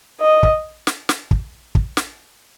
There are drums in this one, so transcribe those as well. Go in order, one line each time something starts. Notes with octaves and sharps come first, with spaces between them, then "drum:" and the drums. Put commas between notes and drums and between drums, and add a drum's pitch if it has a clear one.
D#5
drum: kick
drum: snare
drum: snare
drum: kick
drum: kick
drum: snare